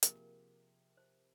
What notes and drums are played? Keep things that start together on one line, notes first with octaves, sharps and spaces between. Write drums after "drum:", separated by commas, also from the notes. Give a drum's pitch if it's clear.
C3 F3 A#3 G#4 A#4, drum: hi-hat
C5